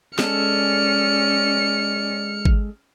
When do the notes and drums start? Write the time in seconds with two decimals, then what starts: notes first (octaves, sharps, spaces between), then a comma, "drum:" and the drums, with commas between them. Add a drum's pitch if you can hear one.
0.19 G#3 C#4 A4 D5 F6 C#7, drum: snare
2.45 drum: kick G#1